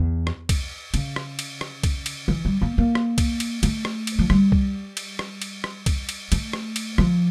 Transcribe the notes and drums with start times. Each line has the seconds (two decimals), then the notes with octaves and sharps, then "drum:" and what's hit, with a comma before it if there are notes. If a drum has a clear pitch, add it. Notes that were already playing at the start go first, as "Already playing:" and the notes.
Already playing: E2
0.27 drum: rim click
0.49 drum: kick C2, cymbal
0.94 C#3, drum: cymbal
1.16 drum: rim click
1.39 drum: cymbal
1.61 drum: rim click
1.83 drum: kick C2, cymbal
2.06 drum: cymbal
2.28 E3
2.45 G3
2.61 A#3
2.78 A#3
2.95 drum: rim click
3.18 drum: kick C2, cymbal
3.40 drum: cymbal
3.63 A3, drum: cymbal
3.85 drum: rim click
4.07 drum: cymbal
4.19 F3
4.30 G3, drum: rim click
4.52 drum: kick C2
4.97 drum: cymbal
5.19 drum: rim click
5.42 drum: cymbal
5.64 drum: rim click
5.86 drum: kick C2, cymbal
6.09 drum: cymbal
6.32 A3, drum: cymbal
6.53 drum: rim click
6.76 drum: cymbal
6.98 F3, drum: rim click